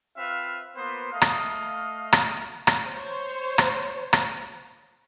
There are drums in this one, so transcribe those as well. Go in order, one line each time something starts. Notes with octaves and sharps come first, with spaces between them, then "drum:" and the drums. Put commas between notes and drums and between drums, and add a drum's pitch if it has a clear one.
C4 F4 B4 E5 F5
A#3 B3 F4 B4 C5
A3 D#5 F5
drum: rim click
drum: rim click
drum: rim click
C5 C#5
drum: rim click
drum: rim click